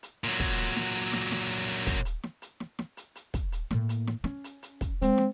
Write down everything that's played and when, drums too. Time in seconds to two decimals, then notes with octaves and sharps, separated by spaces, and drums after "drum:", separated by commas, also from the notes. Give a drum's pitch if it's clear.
0.03 drum: hi-hat
0.24 A#2 F#3, drum: hi-hat
0.40 drum: kick, hi-hat
0.58 drum: hi-hat
0.76 drum: snare
0.95 drum: hi-hat
1.13 drum: snare
1.32 drum: snare
1.50 drum: hi-hat
1.68 drum: hi-hat
1.87 drum: kick, hi-hat
2.05 drum: hi-hat
2.23 drum: snare
2.42 drum: hi-hat
2.60 drum: snare
2.79 drum: snare
2.97 drum: hi-hat
3.15 drum: hi-hat
3.34 drum: kick, hi-hat
3.52 drum: hi-hat
3.71 A2 A#3, drum: snare
3.89 drum: hi-hat
4.07 drum: snare
4.24 C#4, drum: snare
4.44 drum: hi-hat
4.63 drum: hi-hat
4.81 drum: kick, hi-hat
5.02 G#3 C4, drum: hi-hat
5.18 drum: snare